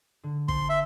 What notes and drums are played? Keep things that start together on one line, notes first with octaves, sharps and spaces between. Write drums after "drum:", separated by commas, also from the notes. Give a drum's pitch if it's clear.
D3
C5 A5 C6, drum: kick
E5